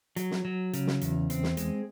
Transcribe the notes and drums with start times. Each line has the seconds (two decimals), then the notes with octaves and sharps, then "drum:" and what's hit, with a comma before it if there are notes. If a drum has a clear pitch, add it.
0.16 F#3, drum: hi-hat
0.31 drum: snare
0.45 F#3
0.73 C#3, drum: hi-hat
0.87 drum: snare
1.01 E2, drum: hi-hat
1.30 C4, drum: hi-hat
1.43 drum: snare
1.57 G#3, drum: hi-hat